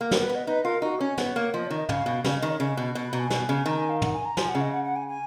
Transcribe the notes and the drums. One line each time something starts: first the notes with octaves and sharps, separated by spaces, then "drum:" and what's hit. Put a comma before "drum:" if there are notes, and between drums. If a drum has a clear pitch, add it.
A#3
B3 A#4, drum: snare
B4
B3
D#5
D#4 B4
F4 A#4
D#4 F#4
C#4 C#5
B3, drum: snare
A#3
F3 D#5
D#3 C#5
D#5
C#3 F5, drum: tom
B2
C#3 F5, drum: snare
D#3 D#5
C#5
C#3
D#5
B2
B2
B5
B2 A#5
G#5
B2, drum: snare
C#3
D#3 A#5
G#5
F5
F#5, drum: tom
G#5
A#5
F3 G#5, drum: snare
F#5
C#3
D#5
F#5
F#5
G#5
G#5